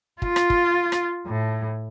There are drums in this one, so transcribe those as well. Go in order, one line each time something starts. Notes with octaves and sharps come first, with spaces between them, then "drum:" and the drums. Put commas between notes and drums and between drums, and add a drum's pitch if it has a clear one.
F4, drum: kick
drum: rim click
drum: kick
drum: rim click
A2